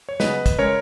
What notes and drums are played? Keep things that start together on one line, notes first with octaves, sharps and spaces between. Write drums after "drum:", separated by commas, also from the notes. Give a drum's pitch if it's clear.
C#5
C#3 F#3 B3 B4 D#5, drum: snare
drum: kick, hi-hat
C#3 G#3 C#4 A#4 C#5